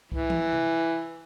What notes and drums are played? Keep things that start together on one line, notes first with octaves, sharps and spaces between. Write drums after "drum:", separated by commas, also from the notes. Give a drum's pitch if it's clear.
E3, drum: kick C2
drum: tom E3
drum: tom C3